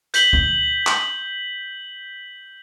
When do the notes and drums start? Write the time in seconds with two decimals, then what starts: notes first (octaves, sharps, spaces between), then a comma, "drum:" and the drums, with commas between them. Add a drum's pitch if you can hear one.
0.14 G6 B6 F#7 G7, drum: hi-hat
0.33 drum: kick C#2
0.87 drum: clap